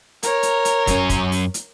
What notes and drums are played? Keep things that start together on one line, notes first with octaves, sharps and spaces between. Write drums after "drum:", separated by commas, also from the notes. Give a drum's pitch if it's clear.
A#4 C#5, drum: hi-hat
drum: hi-hat
drum: hi-hat
F#2 C#4, drum: kick, hi-hat
drum: kick, hi-hat
drum: open hi-hat
drum: hi-hat